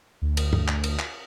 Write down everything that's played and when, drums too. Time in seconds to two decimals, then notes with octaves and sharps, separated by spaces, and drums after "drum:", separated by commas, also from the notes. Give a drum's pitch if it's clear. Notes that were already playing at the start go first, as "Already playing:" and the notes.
0.22 D2
0.37 drum: cymbal
0.53 drum: tom G2
0.68 drum: clap
0.84 drum: cymbal
0.99 drum: clap